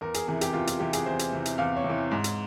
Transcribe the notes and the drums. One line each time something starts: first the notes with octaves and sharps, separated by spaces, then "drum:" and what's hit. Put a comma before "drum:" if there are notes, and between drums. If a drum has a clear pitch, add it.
E2 A#4
G#4, drum: hi-hat
C3 E3 G#4
G4, drum: hi-hat
E2 F4
F4, drum: hi-hat
C3 E3 G4
G#4, drum: hi-hat
E2 C5
drum: hi-hat
C3 E3
drum: hi-hat
E2 F5
C#5
C3
E3
G#2
drum: hi-hat